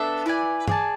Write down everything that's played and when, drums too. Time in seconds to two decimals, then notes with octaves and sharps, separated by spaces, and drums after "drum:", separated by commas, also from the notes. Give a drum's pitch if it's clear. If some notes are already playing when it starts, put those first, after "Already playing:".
Already playing: B3 D4 A4 E5
0.26 E4 B4 D5 G#5
0.68 G#4 D5 A5, drum: tom